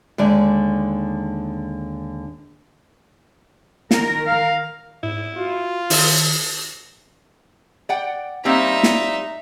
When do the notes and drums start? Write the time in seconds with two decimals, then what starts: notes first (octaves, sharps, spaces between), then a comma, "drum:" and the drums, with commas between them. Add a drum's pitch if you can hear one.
0.18 D#2 D3 G#3 D5
3.91 D#3 A#4, drum: snare
4.27 F5
5.03 G#2 E4
5.37 F4 F#4
5.90 D#3 E4, drum: open hi-hat
7.89 D5 F#5 G5
8.45 G3 A#3 C4 D#4 E5
8.83 drum: snare